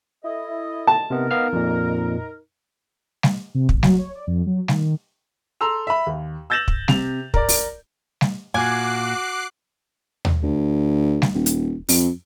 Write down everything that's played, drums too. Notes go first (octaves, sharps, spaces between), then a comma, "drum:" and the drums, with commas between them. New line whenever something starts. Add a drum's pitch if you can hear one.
E4 A4 D#5
A5
C3 B3 D#4 A#4
B3 F5 F6
F2 A#2
drum: snare G3
C3
A1, drum: kick
F#3, drum: snare G3
C#5
D5
F2
F#3
D#3, drum: snare G3
A4 A#5 C6 E6 F7
E5 B5
D#2
E6 G6 A6 A#6 E7 F#7
drum: kick
C3 F7, drum: snare G3
A#4 D5, drum: kick
drum: open hi-hat
drum: snare G3
A#2 F#4 G#5 D6 F#6 C7
drum: tom D#2
D2
drum: snare G3
D#1
drum: hi-hat
F2, drum: open hi-hat